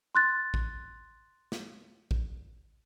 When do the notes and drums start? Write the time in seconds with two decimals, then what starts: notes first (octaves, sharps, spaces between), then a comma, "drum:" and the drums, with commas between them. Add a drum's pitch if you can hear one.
0.15 C6 F#6 A6
0.54 drum: kick A#1
1.52 drum: snare
2.11 drum: kick A#1